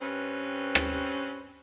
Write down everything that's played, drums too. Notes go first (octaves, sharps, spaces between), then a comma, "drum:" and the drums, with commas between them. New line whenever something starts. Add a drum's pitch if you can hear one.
G2 C4 C#4 B4
drum: rim click